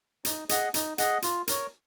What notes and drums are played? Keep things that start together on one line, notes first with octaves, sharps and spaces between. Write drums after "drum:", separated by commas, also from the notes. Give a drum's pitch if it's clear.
D#4, drum: hi-hat
G#4 D#5 F#5, drum: hi-hat
D#4, drum: hi-hat
G#4 D#5 F#5, drum: hi-hat
F4, drum: hi-hat
A#4 C#5, drum: hi-hat